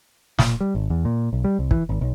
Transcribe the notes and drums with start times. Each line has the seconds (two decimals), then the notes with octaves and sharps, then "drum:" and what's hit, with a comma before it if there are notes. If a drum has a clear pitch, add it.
0.39 A#2, drum: snare
0.61 G3
0.75 G#1
0.90 E2
1.05 A#2
1.33 B1
1.44 G3
1.59 C2
1.71 E3, drum: kick
1.89 G#1
2.01 B1